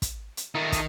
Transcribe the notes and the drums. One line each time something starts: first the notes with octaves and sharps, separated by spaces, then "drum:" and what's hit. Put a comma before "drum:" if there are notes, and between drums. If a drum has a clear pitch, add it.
drum: kick, hi-hat
drum: hi-hat
D#3 A3 D#4
drum: kick, hi-hat